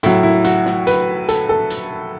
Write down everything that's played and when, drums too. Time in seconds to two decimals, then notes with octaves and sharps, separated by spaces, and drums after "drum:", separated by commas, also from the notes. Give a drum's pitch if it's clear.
0.03 A2 F#3 E4, drum: hi-hat
0.23 E4
0.44 F#4, drum: hi-hat
0.66 drum: snare
0.87 B4, drum: hi-hat
1.28 A4, drum: hi-hat
1.49 A4
1.70 drum: hi-hat